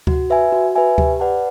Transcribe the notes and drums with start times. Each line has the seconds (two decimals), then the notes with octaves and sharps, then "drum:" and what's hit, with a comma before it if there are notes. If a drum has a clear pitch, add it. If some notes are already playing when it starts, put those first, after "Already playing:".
0.07 F#4, drum: kick D2
0.30 B4 E5 G#5
0.52 F#4
0.76 B4 E5 G#5
0.98 G4, drum: kick D2
1.20 B4 D5 F#5 A5